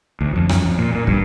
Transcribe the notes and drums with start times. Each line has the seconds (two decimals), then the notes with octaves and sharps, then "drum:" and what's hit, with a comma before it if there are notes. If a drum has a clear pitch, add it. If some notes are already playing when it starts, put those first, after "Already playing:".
0.21 D2
0.36 F2
0.49 F#2, drum: rim click
0.65 F2
0.78 A#2
0.94 A#2
1.07 G2, drum: kick